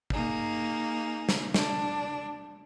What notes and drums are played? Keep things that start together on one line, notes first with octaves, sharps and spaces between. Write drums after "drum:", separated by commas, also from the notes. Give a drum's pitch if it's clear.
A#3 D#4 G#4, drum: kick
drum: snare
D4, drum: snare